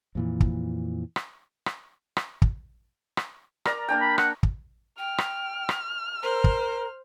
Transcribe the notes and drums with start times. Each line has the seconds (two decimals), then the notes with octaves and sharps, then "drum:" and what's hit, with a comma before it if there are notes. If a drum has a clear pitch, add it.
0.15 F2 A#2 E3
0.40 drum: kick
1.16 drum: rim click
1.66 drum: rim click
2.17 drum: rim click
2.42 drum: kick
3.17 drum: rim click
3.65 A#4 D5 A#5, drum: rim click
3.89 A#3 D4 G5
4.02 B5
4.18 F#5, drum: rim click
4.43 drum: kick
4.98 G5 F6
5.18 drum: rim click
5.69 drum: rim click
6.22 A#4 C5 A#5
6.44 drum: kick